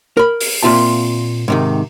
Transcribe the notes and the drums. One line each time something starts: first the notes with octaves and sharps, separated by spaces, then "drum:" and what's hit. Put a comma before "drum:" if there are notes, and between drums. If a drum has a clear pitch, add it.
A#4 B5
drum: open hi-hat
A#2 C4 F4 E5 A5
G#2 C3 D#3